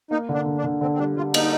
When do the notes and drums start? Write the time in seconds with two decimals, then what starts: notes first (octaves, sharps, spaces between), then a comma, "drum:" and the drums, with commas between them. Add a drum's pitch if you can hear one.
0.11 A#3 D#4
0.29 D3 D4
0.46 D3
0.58 D4
0.64 D3
0.81 D3 C4
0.94 C4
0.99 G3 D4
1.16 G3 F4
1.34 A#3 D#4, drum: cymbal